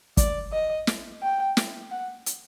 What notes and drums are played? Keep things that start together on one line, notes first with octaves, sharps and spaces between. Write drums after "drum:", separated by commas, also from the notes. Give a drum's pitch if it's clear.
D5, drum: kick, hi-hat
D#5
drum: snare
G5
drum: snare
F#5
drum: hi-hat